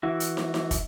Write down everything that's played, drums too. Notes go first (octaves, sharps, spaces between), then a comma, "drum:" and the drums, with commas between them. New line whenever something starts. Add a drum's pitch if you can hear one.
E3 E4 F#4
drum: hi-hat
drum: snare
drum: snare
drum: kick, hi-hat